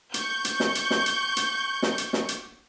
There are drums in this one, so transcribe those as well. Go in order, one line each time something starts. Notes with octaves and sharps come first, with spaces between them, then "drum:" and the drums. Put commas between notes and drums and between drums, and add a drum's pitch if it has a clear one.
C#6 G6, drum: hi-hat
drum: hi-hat
drum: snare
drum: hi-hat
drum: snare
drum: hi-hat
drum: hi-hat
drum: snare
drum: hi-hat
drum: snare
drum: hi-hat